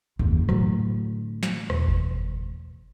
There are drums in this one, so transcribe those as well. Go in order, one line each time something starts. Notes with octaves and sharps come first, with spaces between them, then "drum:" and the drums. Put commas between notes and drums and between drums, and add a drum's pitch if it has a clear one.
F#1 D#2, drum: tom G2
A2 D3 F#3, drum: rim click
drum: snare
E1, drum: rim click
drum: kick F#1